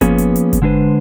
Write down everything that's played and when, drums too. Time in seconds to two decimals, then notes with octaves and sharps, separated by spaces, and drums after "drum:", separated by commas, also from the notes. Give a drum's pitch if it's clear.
0.01 F3 A#3 B3 C#4 G#4 B4, drum: kick G1, hi-hat
0.18 drum: hi-hat
0.36 drum: hi-hat
0.53 drum: kick G1, hi-hat
0.62 D3 G#3 D4 G#4 B4 C5